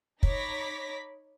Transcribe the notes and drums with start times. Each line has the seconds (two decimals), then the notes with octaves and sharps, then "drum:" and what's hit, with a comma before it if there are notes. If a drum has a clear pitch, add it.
0.23 D#4 C#5 B5 D6 A#6 B6, drum: kick